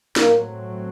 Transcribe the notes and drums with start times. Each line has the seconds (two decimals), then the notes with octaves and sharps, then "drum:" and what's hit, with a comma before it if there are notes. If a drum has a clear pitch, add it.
0.16 A2 F#3 A3 A#3 C4, drum: snare